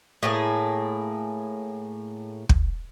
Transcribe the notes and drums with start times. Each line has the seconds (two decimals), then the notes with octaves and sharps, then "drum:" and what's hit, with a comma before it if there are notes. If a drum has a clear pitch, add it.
0.23 A2 A#3 G#4
2.49 drum: kick